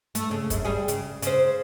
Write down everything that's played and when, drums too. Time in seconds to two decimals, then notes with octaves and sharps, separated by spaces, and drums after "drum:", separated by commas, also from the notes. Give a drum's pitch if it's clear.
0.15 A3, drum: hi-hat
0.31 C#3
0.50 F#2, drum: kick, hi-hat
0.65 G3 G#4
0.88 C#3, drum: hi-hat
1.22 C#3 C5, drum: hi-hat